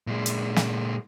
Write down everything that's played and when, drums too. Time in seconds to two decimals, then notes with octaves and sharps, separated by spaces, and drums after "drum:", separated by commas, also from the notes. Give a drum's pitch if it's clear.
0.07 A#2 G#3
0.26 drum: hi-hat
0.56 drum: snare